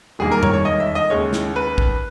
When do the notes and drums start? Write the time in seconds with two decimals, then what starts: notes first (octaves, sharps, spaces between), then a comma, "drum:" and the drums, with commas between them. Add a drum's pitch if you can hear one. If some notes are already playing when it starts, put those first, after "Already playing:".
0.19 E1 D#2 D#3 G3 A#3 G#4
0.32 A#4
0.43 C#5, drum: tom F2
0.53 C#5
0.65 D#5
0.80 E5
0.95 D#5
1.10 D#2 C#3 G#3 C#5
1.33 drum: snare
1.56 B4
1.78 drum: kick